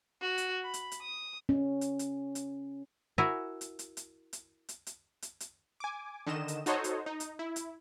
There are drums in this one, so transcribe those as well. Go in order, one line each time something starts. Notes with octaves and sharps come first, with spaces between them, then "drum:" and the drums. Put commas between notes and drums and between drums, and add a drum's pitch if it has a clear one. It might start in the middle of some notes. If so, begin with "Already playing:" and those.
F#4
drum: hi-hat
B5
drum: hi-hat
drum: hi-hat
D#6
C#4
drum: hi-hat
drum: hi-hat
drum: hi-hat
E4 F#4 A#4 E5 G#5
drum: hi-hat
drum: hi-hat
drum: hi-hat
drum: hi-hat
drum: hi-hat
drum: hi-hat
drum: hi-hat
drum: hi-hat
G#5 D6
D3 D#3 D#5 E7
drum: hi-hat
D#4 F#4 A4 C5 C#5 D#5, drum: hi-hat
drum: hi-hat
D#4
drum: hi-hat
E4
drum: hi-hat